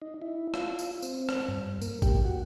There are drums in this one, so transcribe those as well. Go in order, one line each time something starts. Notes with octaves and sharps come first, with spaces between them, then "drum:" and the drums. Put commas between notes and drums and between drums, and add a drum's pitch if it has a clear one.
D#4
E4
F4, drum: rim click
drum: tambourine
C4, drum: tambourine
drum: rim click
G2
A#3, drum: tambourine
G4, drum: kick A1, tambourine
F#4